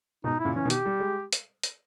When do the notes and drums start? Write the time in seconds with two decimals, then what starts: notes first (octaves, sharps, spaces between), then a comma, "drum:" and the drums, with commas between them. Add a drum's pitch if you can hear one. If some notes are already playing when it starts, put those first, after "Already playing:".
0.24 G#2 B2 D#4
0.39 E4
0.45 A#2 C#3
0.56 E3 C#4
0.65 B2 D#3
0.70 G4, drum: hi-hat
0.86 G3
1.00 G#3
1.33 drum: hi-hat
1.63 drum: hi-hat